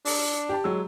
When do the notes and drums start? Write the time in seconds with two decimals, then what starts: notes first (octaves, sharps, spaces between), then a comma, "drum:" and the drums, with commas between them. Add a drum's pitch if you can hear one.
0.05 D4, drum: open hi-hat
0.49 G4 G5 A5
0.64 F#3 G#3 E6